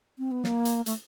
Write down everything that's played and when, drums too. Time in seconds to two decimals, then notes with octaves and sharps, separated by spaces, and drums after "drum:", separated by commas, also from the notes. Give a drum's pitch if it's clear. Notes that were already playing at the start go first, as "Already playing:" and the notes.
0.18 C4
0.31 B3
0.44 A#3, drum: snare
0.65 drum: hi-hat
0.86 A3, drum: hi-hat